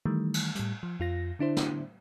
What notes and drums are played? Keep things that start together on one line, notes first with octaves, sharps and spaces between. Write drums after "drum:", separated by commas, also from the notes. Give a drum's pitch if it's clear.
D#3 E3 G3 A3
drum: cymbal
A2 G3, drum: hi-hat
F3
F2 F4 A#6
D3 D4 E4 C5
drum: snare